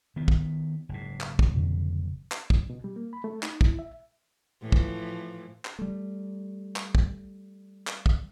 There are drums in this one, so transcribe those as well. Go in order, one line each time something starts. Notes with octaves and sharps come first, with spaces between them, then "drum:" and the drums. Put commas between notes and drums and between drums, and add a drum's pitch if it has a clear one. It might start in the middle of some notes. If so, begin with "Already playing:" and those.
D#3 B3
drum: kick
F#1 G#2
drum: clap
drum: kick
F2 B2 D3
drum: clap
drum: kick
B2
G3
A#3
B5
A3
D#4, drum: clap
E4, drum: kick
E5
A2 E3 F3
drum: kick
drum: clap
G3 A3
drum: clap
drum: kick
drum: clap
drum: kick